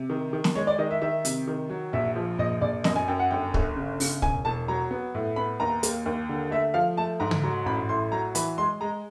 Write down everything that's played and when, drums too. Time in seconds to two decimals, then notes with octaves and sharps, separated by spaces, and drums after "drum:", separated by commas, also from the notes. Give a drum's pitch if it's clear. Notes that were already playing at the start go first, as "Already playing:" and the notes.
Already playing: C3
0.10 D#3
0.33 D#3
0.44 drum: snare
0.55 G#3 C#5
0.67 D5
0.79 D#3 D#5
0.91 E5
1.02 D#3 E5
1.25 C3, drum: hi-hat
1.48 D#3
1.70 F#3
1.93 A#1 E5
2.16 F3
2.39 A#1 D#5
2.61 A#1 D5
2.84 F#2 D#5, drum: snare
2.96 G#5
3.08 F#2 G5
3.19 F#5
3.31 G1 G5
3.54 G1, drum: kick
3.76 C#3
4.00 C#3, drum: open hi-hat
4.22 E1 G#5, drum: kick
4.45 E1 A5
4.68 F#3 A#5
4.91 B3
5.15 A2
5.36 B3 B5
5.60 D#2 A#5
5.83 A#3, drum: hi-hat
6.06 D#2
6.29 D3
6.51 A3 E5
6.74 F3 F5
6.97 A3 A5
7.20 G#2 A#5
7.31 drum: tom
7.43 F#3 A#5
7.66 A1 B5
7.89 A2 C6
8.12 F#3 A#5
8.35 E3 B5, drum: hi-hat
8.58 G#3 C6
8.81 G#3 A#5